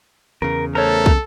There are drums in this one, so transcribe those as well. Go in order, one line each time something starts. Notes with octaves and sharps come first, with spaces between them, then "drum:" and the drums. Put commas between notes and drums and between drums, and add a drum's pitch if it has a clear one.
E2 C#3 A#4
A3 A4 A#4 C5 C#5
drum: kick